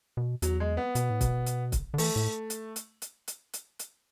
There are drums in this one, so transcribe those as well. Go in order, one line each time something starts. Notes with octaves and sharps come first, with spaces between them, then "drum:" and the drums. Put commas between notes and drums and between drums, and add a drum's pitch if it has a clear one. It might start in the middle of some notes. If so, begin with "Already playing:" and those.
B2
E2 F#3, drum: hi-hat
G#3
B3
B2, drum: hi-hat
A2
B2, drum: kick, hi-hat
drum: hi-hat
drum: kick, hi-hat
D3
E3 A3, drum: open hi-hat
A2
drum: hi-hat
drum: hi-hat
drum: hi-hat
drum: hi-hat
drum: hi-hat
drum: hi-hat